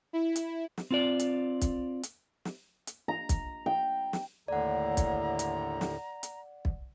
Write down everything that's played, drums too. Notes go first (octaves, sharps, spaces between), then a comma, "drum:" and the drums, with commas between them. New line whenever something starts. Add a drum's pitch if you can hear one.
E4
drum: hi-hat
drum: snare
C4 F4 D5
drum: hi-hat
drum: kick, hi-hat
drum: hi-hat
drum: snare
drum: hi-hat
A#5
drum: kick, hi-hat
G5
drum: snare
D#2 A2 D3 D5 F#5 A#5
drum: kick, hi-hat
drum: hi-hat
drum: snare
drum: hi-hat
drum: kick